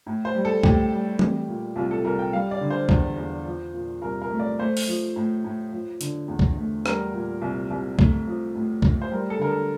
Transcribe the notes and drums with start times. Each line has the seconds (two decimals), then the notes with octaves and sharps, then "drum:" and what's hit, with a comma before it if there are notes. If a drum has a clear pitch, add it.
0.07 A2
0.25 C5
0.35 G3
0.45 A4
0.64 A2 G4, drum: kick
0.92 G3
1.19 A3, drum: tom
1.48 A#2
1.76 C2 F4
1.91 A4
2.05 C2 A#4
2.19 G5
2.33 G3 F5
2.51 D5
2.61 D3
2.70 C5
2.89 E2, drum: kick
3.18 E2
3.46 F3
3.74 A#2
4.02 C2 A#4
4.21 A#4
4.30 A3
4.40 D5
4.59 A3 C5
4.77 drum: open hi-hat
4.88 F3
5.16 A2
5.44 A2
5.72 F3
6.01 D3, drum: hi-hat
6.28 E2
6.39 drum: kick
6.57 A3
6.86 G3 A#4, drum: rim click
7.13 A#2
7.42 C2
7.70 C2
7.99 A3, drum: kick
8.27 F3
8.55 A2
8.82 A2, drum: kick
9.02 C5
9.11 G3 A#4
9.30 A4
9.39 D3 A#4
9.49 A4